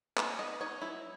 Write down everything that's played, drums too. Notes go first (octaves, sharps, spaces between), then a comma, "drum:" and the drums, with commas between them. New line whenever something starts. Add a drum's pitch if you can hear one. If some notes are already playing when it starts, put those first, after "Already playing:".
D#4 B4, drum: clap
B3 D#5
D#4 C#5
F#3 E4